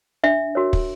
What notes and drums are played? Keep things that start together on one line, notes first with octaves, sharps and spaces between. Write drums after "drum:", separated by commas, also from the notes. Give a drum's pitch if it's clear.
D4 E5
F#4 A#4 C#5
drum: kick